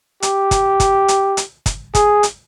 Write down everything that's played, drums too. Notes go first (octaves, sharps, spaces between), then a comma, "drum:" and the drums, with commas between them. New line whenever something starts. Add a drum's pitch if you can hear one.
G4, drum: hi-hat
drum: kick, hi-hat
drum: kick, hi-hat
drum: hi-hat
drum: hi-hat
drum: kick, hi-hat
G#4, drum: kick, hi-hat
drum: hi-hat